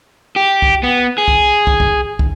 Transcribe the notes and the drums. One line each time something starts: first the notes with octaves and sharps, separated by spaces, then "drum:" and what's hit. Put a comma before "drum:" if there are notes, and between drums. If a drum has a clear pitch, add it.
G4
drum: kick
B3
G#4
drum: kick
drum: kick
drum: kick
drum: kick